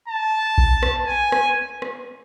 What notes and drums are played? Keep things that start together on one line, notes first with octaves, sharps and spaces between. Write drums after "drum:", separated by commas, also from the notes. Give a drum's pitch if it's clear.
A5
drum: kick A#1
drum: rim click
G#5
drum: rim click
drum: rim click